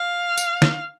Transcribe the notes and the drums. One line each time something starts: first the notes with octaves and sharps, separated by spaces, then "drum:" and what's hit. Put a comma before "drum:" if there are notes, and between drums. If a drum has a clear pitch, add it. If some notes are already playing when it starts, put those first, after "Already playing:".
Already playing: F5
drum: tambourine
drum: snare